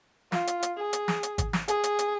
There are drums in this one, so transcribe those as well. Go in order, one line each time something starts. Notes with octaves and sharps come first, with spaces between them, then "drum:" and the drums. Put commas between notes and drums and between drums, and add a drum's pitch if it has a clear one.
F4, drum: snare
drum: hi-hat
drum: hi-hat
G#4
drum: hi-hat
drum: snare
drum: hi-hat
drum: kick G#1, hi-hat
drum: snare
G#4, drum: hi-hat
drum: hi-hat
drum: hi-hat